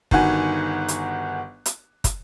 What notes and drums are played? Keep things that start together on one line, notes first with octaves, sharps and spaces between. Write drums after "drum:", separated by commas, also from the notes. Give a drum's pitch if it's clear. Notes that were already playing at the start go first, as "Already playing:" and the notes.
G1 D#3 F#4 F#5 G#5, drum: kick
drum: hi-hat
drum: hi-hat
drum: kick, hi-hat